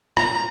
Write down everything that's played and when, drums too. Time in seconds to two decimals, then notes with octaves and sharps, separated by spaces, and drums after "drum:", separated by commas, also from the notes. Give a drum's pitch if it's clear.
0.17 A#5, drum: rim click